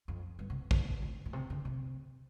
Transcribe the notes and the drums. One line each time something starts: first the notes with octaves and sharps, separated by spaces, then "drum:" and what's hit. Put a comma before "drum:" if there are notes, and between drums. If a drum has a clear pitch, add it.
F2
G2
C3
D3, drum: kick
A2
A2
C3
D3
C3